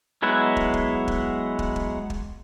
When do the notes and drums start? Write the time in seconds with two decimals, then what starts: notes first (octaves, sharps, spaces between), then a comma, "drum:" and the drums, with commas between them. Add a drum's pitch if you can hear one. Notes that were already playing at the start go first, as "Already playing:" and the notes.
0.22 F#3 G#3 B3 E4 F#5
0.56 drum: kick
0.74 drum: kick
1.08 drum: kick
1.59 drum: kick
1.76 drum: kick
2.10 drum: kick